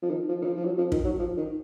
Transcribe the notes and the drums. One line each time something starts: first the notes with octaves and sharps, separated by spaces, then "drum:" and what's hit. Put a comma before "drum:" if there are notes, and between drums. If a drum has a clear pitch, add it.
F3
D#3
F3
D#3
F3
F3
F#3
F3
D#3, drum: kick
F#3
F3
D#3